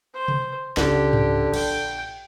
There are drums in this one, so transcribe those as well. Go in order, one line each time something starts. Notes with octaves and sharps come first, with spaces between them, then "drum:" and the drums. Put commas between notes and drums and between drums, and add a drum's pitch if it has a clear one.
C5
drum: tom C3
C#2 D3 G4, drum: snare
drum: tom G#2
A#1 G5, drum: cymbal